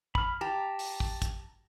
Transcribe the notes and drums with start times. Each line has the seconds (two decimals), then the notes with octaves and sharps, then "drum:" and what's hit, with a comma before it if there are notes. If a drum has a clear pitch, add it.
0.15 B5 F6, drum: kick
0.41 G4 A5 A#5
0.79 drum: open hi-hat
1.00 drum: kick
1.22 drum: kick, hi-hat